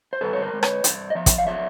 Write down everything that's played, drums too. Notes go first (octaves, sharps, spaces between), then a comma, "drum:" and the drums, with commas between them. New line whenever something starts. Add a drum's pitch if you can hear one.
C5
G2 A4 B4
C#5
A#4 C5
G#3
B4 C#5, drum: rim click
G2 C5 D5, drum: hi-hat
D#5
F3 D5 E5
drum: kick, hi-hat
F5
F#3 D5 E5